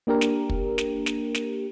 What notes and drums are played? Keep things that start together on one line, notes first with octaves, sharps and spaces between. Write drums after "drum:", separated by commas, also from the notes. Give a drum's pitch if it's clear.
A#3 D4 G4 A#4
drum: snare
drum: kick
drum: snare
drum: snare
drum: snare